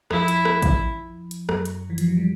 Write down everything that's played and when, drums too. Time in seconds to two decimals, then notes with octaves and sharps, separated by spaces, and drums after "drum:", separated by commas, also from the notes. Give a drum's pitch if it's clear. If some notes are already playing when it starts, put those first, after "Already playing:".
0.11 F2 F3 E4, drum: rim click
0.28 drum: hi-hat
0.45 drum: rim click
0.62 drum: kick, hi-hat
1.31 drum: hi-hat
1.49 F#2 F#3, drum: rim click
1.65 drum: hi-hat
1.90 E3
1.98 F3, drum: hi-hat
2.08 F#3
2.17 G3